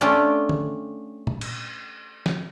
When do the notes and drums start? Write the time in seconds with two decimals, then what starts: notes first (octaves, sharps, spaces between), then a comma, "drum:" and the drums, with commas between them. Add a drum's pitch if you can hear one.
0.01 A3 C#4 D4 F4 G4 D5
0.49 drum: tom
1.27 drum: tom A#2
1.41 drum: cymbal
2.26 drum: snare